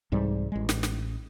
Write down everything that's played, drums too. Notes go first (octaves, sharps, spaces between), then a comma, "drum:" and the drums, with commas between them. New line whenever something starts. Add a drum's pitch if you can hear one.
C2 G#2 E3 G3
A1 G#3
drum: snare
drum: snare